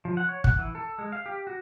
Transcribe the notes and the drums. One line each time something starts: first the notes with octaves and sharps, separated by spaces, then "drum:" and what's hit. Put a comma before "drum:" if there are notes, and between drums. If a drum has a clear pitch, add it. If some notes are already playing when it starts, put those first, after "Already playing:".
F3
F#5
C#5
F#5, drum: kick
E3
A4
G#3
F5
G4
F#4